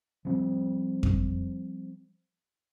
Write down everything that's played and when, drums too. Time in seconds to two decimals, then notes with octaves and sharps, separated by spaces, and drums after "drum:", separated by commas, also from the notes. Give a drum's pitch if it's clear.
0.25 F3 G3 C4
1.03 drum: kick F2